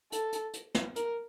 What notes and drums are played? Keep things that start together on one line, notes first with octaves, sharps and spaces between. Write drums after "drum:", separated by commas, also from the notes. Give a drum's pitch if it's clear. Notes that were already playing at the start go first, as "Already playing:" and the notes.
A4, drum: hi-hat
drum: hi-hat
drum: hi-hat
drum: snare
A#4, drum: hi-hat